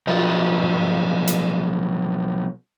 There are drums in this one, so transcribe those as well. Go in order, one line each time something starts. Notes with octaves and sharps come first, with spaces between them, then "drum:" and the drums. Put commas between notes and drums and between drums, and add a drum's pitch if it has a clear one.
B1 F3, drum: cymbal
drum: tom
drum: hi-hat